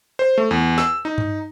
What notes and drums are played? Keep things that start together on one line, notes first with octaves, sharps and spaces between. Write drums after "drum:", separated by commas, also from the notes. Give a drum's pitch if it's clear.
C5
A3
E2
E6, drum: snare
D#4
drum: tom G2